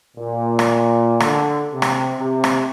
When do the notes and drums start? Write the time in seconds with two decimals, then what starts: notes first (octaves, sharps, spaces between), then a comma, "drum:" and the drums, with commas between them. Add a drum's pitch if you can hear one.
0.17 A#2
0.59 drum: rim click
1.20 D3, drum: rim click
1.72 C3
1.82 drum: rim click
2.18 C3
2.44 drum: rim click